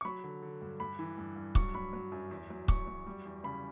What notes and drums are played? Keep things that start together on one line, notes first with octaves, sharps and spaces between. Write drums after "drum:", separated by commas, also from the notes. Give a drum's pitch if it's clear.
C#6
F#3 B5
D3
D3
G2
G2 B5
E3
G2
G2
F#3 C#6, drum: kick C#1
F#3 B5
F#3
F#2
E2
F#3
F#3 C#6, drum: kick C#1
F#3
G3
E2
C#3 B5